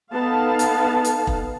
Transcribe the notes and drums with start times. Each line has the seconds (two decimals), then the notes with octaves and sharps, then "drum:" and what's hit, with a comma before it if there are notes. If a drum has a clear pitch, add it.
0.14 B3 D#4 A4 F5 A5
0.59 drum: hi-hat
1.05 drum: hi-hat
1.27 drum: kick E1